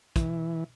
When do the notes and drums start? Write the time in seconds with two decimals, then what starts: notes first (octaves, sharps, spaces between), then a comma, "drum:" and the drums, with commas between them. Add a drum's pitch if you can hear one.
0.16 E3, drum: kick, hi-hat